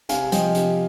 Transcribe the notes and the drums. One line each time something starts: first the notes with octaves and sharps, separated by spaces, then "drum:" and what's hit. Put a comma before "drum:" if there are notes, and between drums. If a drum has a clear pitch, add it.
C3 F5 G#5, drum: hi-hat
F3 D#5 G5, drum: hi-hat
C3, drum: hi-hat